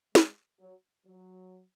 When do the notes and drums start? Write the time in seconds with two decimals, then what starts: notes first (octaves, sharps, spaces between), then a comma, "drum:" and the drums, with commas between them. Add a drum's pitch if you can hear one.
0.15 G#3, drum: snare
0.60 F#3
1.07 F#3